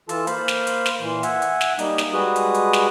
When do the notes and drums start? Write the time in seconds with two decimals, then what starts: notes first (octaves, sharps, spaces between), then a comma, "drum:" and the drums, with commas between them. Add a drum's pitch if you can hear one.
0.09 E3 F4 A4 A5, drum: hi-hat
0.27 A#3 C5 F5 B5, drum: hi-hat
0.48 drum: snare
0.67 drum: hi-hat
0.86 drum: snare
1.00 A#2 E3 C6
1.23 E5 F#5 G#5, drum: hi-hat
1.42 drum: hi-hat
1.61 drum: snare
1.79 G3 A#3 D#4, drum: hi-hat
1.98 drum: snare
2.13 G3 G#3 F#4 G#4 B4 D#6
2.36 drum: hi-hat
2.54 drum: hi-hat
2.73 drum: snare